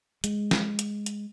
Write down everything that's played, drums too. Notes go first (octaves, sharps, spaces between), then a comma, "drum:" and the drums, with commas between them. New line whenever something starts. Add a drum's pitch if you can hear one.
G#3, drum: hi-hat
drum: snare
drum: hi-hat
drum: hi-hat